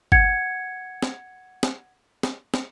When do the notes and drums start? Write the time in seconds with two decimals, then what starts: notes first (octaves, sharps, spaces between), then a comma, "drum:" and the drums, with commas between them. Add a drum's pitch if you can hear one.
0.12 F#5 G#6 C#7, drum: kick G1
1.03 drum: snare
1.63 drum: snare
2.23 drum: snare
2.54 drum: snare